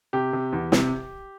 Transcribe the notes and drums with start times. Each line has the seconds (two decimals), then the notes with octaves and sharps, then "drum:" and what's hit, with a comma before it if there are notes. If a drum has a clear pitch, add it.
0.13 C3 G4
0.33 C3
0.52 E2
0.72 C3, drum: snare